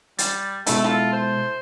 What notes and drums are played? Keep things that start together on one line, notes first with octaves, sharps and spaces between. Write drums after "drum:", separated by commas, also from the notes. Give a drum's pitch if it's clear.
G3 A6, drum: hi-hat
B2 G#3 A3 E4 A4, drum: hi-hat
E4 F4 A4
C5